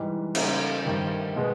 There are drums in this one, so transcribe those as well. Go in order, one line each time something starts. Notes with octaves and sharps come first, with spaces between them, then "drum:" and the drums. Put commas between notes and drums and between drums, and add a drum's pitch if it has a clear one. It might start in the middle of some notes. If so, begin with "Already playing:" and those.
Already playing: G#2 E3 G3
C#3 G3 A#3 D#4, drum: cymbal
G2 D#3 G3
B2 G#3 B3